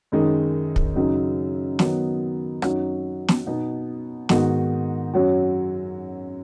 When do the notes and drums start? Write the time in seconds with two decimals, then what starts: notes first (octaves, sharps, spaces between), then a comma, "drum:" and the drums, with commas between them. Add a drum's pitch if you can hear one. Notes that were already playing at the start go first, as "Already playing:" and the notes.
0.12 F#2 D#3 G#3 D#4
0.76 drum: kick
0.95 F#2 C#3 F#3 D#4
1.79 D#3 F#3 B3 D#4, drum: snare
2.62 F#2 F#3 D#4 F#4, drum: rim click
3.28 drum: snare
3.47 B2 B3 D#4
4.29 G#2 D#3 B3 D#4 F#4, drum: snare
5.14 F#2 F#3 C#4 F#4